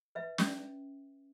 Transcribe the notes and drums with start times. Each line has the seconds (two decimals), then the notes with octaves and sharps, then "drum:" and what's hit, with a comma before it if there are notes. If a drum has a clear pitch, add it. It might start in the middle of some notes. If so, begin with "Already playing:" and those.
0.15 B4 E5
0.38 C#4, drum: snare